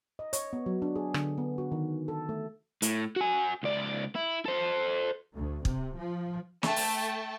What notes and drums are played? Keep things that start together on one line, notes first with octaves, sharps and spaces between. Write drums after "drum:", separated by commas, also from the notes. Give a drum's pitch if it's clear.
D#5
C#5, drum: hi-hat
B3
F#3
D4
G#4
D3, drum: rim click
B3
F#4
D#3
A4
A3
A2, drum: hi-hat
F#4 G#5
C#2 D5
E4
A4 C5
D2
C3, drum: kick
F3
A3 G5 A5, drum: snare
drum: open hi-hat